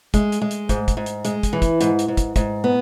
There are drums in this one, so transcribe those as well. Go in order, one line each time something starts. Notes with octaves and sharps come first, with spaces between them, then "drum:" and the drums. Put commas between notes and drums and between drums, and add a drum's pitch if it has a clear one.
G#3, drum: kick, hi-hat
drum: hi-hat
G#3
drum: hi-hat
G#2, drum: kick, hi-hat
drum: kick, hi-hat
G#2
drum: hi-hat
G#3, drum: hi-hat
drum: kick, hi-hat
E3
drum: kick, hi-hat
G#2, drum: hi-hat
drum: hi-hat
G#2
drum: kick, hi-hat
G#2, drum: kick, hi-hat
B3